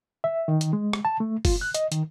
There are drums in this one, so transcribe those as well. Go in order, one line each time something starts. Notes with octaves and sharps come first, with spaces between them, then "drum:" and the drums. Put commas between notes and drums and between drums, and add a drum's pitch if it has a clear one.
E5
D#3
drum: hi-hat
G#3
drum: rim click
A5
A3
F4, drum: kick F#1, open hi-hat
F#6
D#5, drum: hi-hat
D#3, drum: hi-hat